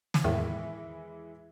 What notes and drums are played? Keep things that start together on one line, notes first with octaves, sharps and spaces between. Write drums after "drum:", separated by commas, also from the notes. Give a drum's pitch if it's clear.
drum: snare
E2 A2 D#3 E3 G#3 E4